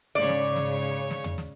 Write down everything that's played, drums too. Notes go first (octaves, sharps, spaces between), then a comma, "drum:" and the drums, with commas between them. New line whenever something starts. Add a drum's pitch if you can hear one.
G#2 C#3 C#5 D5
drum: snare
drum: snare
drum: snare
drum: tom
drum: snare